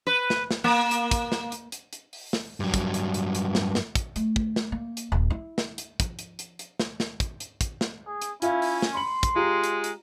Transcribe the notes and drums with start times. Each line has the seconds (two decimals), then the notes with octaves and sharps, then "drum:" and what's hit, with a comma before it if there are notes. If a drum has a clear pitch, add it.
0.07 B4
0.30 drum: snare
0.51 drum: snare
0.64 A#3
0.91 drum: hi-hat
1.11 drum: kick, hi-hat
1.32 drum: snare
1.52 drum: hi-hat
1.72 drum: hi-hat
1.93 drum: hi-hat
2.13 drum: open hi-hat
2.33 drum: snare
2.60 G2 F#3
2.74 drum: kick, hi-hat
2.94 drum: hi-hat
3.14 drum: hi-hat
3.35 drum: hi-hat
3.55 drum: snare
3.75 drum: snare
3.95 drum: kick, hi-hat
4.16 A3, drum: hi-hat
4.36 drum: kick
4.56 drum: snare
4.72 A#3
4.97 drum: hi-hat
5.12 D#1
5.30 E4
5.58 drum: snare
5.78 drum: hi-hat
6.00 F3, drum: kick, hi-hat
6.19 drum: hi-hat
6.39 drum: hi-hat
6.59 drum: hi-hat
6.80 drum: snare
7.00 drum: snare
7.20 drum: kick, hi-hat
7.40 drum: hi-hat
7.61 drum: kick, hi-hat
7.81 drum: snare
8.06 G#4
8.22 drum: hi-hat
8.42 C#4 E4 F4 E5 F5, drum: hi-hat
8.62 drum: open hi-hat
8.82 drum: snare
8.95 B5 C6 C#7 F#7
9.23 drum: kick, hi-hat
9.36 G#3 F4 G4 A#5
9.64 drum: hi-hat
9.84 drum: hi-hat